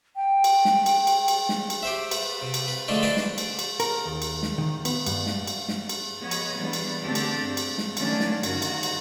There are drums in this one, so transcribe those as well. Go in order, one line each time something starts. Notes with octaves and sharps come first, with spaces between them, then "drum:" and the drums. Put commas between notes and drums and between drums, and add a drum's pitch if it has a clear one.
G5
drum: cymbal
drum: snare
drum: cymbal
drum: cymbal
drum: cymbal
drum: snare
drum: cymbal
G4 C5 E5
B4, drum: cymbal
C3
drum: cymbal
B4
D3 F3 G#3 A3 D4 A4
D4 B4 C5 D5 G#5
drum: snare
drum: cymbal
drum: cymbal
A#4, drum: cymbal
D#2
drum: cymbal
drum: snare
D#3
B3, drum: cymbal
G2, drum: cymbal
drum: snare
drum: cymbal
drum: snare
drum: cymbal
F3 B3 C#5 D#5
drum: cymbal
E3 G3 G#3 B3 D4
drum: cymbal
D3 A3 C4 D4 G4 A4
drum: cymbal
G2
drum: cymbal
drum: snare
D#3 F#3 A3 C#4 D4 D5, drum: cymbal
drum: snare
G2 D3 D#3 F#4 A#4, drum: cymbal
drum: cymbal
drum: cymbal